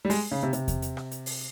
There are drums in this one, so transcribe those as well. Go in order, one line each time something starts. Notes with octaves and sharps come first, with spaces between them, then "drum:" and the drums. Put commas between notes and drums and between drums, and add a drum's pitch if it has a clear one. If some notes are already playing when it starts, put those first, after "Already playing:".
G3
G#3, drum: open hi-hat
C#3
C3
C3, drum: hi-hat
drum: kick E2, hi-hat
drum: hi-hat
drum: rim click
drum: hi-hat
drum: open hi-hat